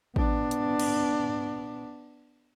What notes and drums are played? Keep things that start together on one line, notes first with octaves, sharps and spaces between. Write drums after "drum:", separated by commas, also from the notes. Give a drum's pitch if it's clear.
B3 D4, drum: kick A1
drum: hi-hat
drum: cymbal